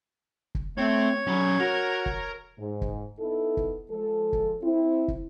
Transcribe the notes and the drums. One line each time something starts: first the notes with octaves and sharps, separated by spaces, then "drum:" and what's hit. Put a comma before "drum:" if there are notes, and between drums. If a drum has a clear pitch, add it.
drum: kick
A3 C4 C#5
F#3 C#4 B5
F#4 A#4 A#5
drum: kick
G#2
drum: kick
B3 D#4 E4 A4
drum: kick
F3 G#3 A4
drum: kick
C4 E4
drum: kick